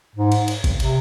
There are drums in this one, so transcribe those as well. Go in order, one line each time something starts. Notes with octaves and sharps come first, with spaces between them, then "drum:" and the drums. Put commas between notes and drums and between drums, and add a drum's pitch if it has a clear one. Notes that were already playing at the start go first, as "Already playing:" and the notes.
G#2
drum: cymbal
drum: cymbal
drum: kick G#1, cymbal
C3, drum: cymbal